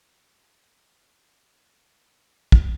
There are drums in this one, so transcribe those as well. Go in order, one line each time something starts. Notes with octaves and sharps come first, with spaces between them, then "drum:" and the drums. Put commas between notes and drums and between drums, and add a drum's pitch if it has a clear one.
C#5 A5
E4
drum: kick